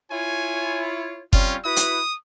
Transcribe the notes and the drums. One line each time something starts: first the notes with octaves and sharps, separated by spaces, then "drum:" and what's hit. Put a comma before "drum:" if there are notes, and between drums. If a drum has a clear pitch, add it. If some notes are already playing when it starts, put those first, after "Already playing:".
E4 F4 C#5 G#5
G3 C4 C#4 F4, drum: kick F#1
E4 F#4 B4 D#6
drum: hi-hat